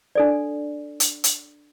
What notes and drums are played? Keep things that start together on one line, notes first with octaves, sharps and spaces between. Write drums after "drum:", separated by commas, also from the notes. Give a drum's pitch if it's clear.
D4 A4 D5
drum: hi-hat
drum: hi-hat